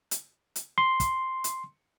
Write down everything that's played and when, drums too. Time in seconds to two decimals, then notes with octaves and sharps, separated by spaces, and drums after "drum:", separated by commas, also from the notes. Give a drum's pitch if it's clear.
0.11 drum: hi-hat
0.56 drum: hi-hat
0.78 C6
1.00 drum: kick, hi-hat
1.44 drum: hi-hat